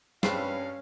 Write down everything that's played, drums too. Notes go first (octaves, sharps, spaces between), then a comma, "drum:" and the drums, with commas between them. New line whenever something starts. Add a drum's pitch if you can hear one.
G2 C4 C#4 B4 F5 C7, drum: snare